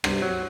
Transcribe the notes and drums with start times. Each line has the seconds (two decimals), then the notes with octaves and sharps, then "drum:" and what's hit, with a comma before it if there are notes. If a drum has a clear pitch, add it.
0.04 G2 C3, drum: rim click
0.22 F#3